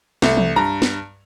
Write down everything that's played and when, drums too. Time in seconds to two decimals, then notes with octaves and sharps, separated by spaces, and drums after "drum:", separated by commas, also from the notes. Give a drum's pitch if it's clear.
0.22 C2 A3, drum: snare
0.37 drum: tom E3
0.56 G2 A#5
0.82 drum: snare